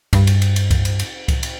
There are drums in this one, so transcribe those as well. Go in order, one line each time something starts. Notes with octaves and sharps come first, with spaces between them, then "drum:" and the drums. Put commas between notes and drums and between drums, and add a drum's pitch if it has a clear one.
G2, drum: kick C2, cymbal
drum: cymbal
drum: cymbal
drum: cymbal
drum: kick C2, cymbal
drum: cymbal
drum: cymbal
drum: kick C2, cymbal
drum: cymbal